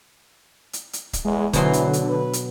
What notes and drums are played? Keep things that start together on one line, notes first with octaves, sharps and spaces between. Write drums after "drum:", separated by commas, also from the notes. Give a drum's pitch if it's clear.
drum: hi-hat
drum: hi-hat
drum: kick C#1, hi-hat
E2 G#3
B2 D3 E3 F#3 C6, drum: kick C#1, hi-hat
drum: hi-hat
drum: hi-hat
B4
drum: hi-hat